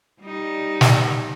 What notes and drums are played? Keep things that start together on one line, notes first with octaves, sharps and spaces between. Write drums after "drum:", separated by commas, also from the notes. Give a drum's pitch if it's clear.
G3 D#4
drum: snare